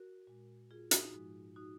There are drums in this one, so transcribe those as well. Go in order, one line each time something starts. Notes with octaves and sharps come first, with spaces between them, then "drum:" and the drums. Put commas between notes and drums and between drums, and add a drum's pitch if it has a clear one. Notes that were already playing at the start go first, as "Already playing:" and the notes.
Already playing: F#4 A#4
A#2 G#3
F4 G#4
D#4 F#4, drum: hi-hat
G#2 F3 G#3
D#4 F#4